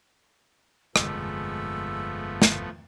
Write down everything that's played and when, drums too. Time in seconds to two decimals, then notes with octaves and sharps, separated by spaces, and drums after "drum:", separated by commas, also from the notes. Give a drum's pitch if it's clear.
0.96 G1 F2 C3 F3 G#3 A3 B3 E6, drum: rim click
2.42 drum: snare